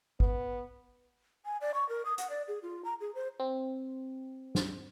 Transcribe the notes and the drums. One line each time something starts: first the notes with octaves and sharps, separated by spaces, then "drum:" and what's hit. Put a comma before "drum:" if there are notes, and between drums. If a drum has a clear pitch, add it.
B3, drum: kick G#1
G#5
D5
C#6
A#4
D#6
F#5, drum: hi-hat
D5
G#4
F4
A#5
G#4
C5
C4
drum: snare